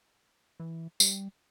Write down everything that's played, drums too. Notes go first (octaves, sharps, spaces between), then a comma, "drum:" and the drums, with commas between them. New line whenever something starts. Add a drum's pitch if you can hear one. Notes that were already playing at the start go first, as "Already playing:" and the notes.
E3
G3, drum: tambourine